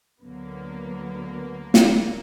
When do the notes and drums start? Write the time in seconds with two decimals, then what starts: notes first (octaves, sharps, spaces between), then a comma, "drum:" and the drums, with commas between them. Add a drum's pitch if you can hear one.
0.21 D2 D3 F#3 A#3 B3
1.74 drum: snare